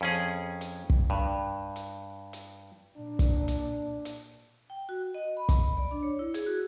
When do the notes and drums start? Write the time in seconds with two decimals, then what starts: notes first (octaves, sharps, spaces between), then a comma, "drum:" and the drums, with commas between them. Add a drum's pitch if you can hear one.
0.01 F2 C#4 G#4
0.61 drum: hi-hat
0.90 drum: kick
1.10 G2
1.76 drum: hi-hat
2.33 drum: hi-hat
2.97 A#2 D4
3.19 drum: kick, hi-hat
3.48 drum: hi-hat
4.05 drum: hi-hat
4.70 G5
4.89 F#4
5.14 D#5
5.37 B5
5.49 drum: kick, hi-hat
5.77 D5
5.91 D4
6.03 C#5
6.19 E4
6.34 G#4, drum: hi-hat
6.47 F#4